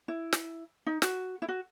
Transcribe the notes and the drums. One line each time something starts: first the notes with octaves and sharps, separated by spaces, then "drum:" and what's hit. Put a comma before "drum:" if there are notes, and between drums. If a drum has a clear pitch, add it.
E4
drum: snare
D#4
F#4, drum: snare
E4
F#4